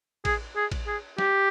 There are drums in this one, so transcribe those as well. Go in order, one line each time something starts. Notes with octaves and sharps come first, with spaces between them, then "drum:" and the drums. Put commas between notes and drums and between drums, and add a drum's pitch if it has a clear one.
G#4, drum: kick A1, cymbal
G#4
drum: kick A1, cymbal
G#4
G4, drum: snare